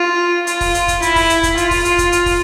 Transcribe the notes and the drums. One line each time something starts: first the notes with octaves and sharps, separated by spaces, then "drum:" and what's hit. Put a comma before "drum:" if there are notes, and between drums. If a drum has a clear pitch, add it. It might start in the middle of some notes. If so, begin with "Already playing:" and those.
Already playing: F4
F4, drum: hi-hat
drum: kick, open hi-hat
drum: hi-hat
drum: kick, hi-hat
E4, drum: hi-hat
drum: kick, open hi-hat
drum: hi-hat
drum: kick, hi-hat
F4, drum: hi-hat
drum: kick, open hi-hat
drum: hi-hat
drum: kick, hi-hat
drum: hi-hat
drum: kick, open hi-hat